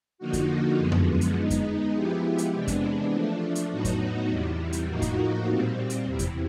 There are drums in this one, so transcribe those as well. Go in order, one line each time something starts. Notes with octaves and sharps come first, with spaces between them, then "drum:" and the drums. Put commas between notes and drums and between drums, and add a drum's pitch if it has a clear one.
D3 F3 A#3 D#4 F#4
drum: kick F2, hi-hat
F#2 D3 F3 G#3 B3
drum: tom F2
drum: hi-hat
G#3 B3 D#4
drum: kick F2, hi-hat
F3 G#3 B3 E4 G4
drum: hi-hat
C3 E3 G#3 B3 D4
drum: kick F2, hi-hat
F3 A3 D4
drum: hi-hat
A2 F#3 B3 D#4 F#4
drum: kick F2, hi-hat
E2 C3 E3 G3
drum: hi-hat
A2 F3 A#3 D#4 F#4
drum: kick F2, hi-hat
A#2 G3 C4
drum: hi-hat
E2 C3 E3
drum: kick F2, hi-hat